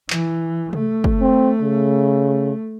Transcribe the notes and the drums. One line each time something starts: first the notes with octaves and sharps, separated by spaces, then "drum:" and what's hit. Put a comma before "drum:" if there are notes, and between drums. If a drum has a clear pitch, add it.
E3, drum: clap
A3, drum: tom C3
drum: kick
C4
C#3